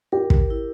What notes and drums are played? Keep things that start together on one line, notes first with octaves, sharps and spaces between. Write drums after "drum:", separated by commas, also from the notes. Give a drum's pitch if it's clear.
G4 A#4
drum: kick
E4